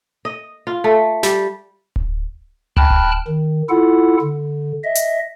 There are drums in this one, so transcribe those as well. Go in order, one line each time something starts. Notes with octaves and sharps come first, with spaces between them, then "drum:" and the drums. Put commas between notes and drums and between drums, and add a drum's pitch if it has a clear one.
D#5
F4
A3
G3, drum: snare
drum: kick D1
G5 A5 B5 F6 F#6, drum: tom C#2
drum: kick D1
D#3
E4 F4 A4 F#5
D3
D#5 E5
drum: hi-hat